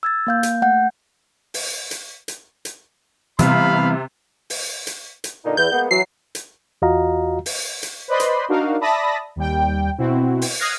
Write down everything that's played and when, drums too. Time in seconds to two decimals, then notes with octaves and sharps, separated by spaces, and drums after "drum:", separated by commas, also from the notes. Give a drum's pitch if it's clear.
0.03 E6 G#6 A6
0.27 A#3 F5 G6
0.43 drum: hi-hat
0.62 A3 F#5 G6
1.54 drum: open hi-hat
1.91 drum: hi-hat
2.28 drum: hi-hat
2.65 drum: hi-hat
3.39 C3 E3 G3 B3 F5 B5, drum: hi-hat
4.50 drum: open hi-hat
4.87 drum: hi-hat
5.24 drum: hi-hat
5.45 A#2 D3 D#4
5.57 E2 G6
5.72 G#3 A#3 B3
5.91 E3 F#3 C7
6.35 drum: hi-hat
6.82 E2 F4 F#4 D#5 F5 A#5
7.46 drum: open hi-hat
7.83 drum: hi-hat
8.08 B4 C5 D5 D#5 B5 C6
8.20 drum: hi-hat
8.48 D4 D#4 F#4 A#4 F5
8.81 D5 E5 A5 B5 D#6 A#6
9.36 D#2 G3 G5
9.98 B2 C4 E4 F#4
10.42 drum: open hi-hat
10.59 D#6 F6 F#6 G#6 A#6 C7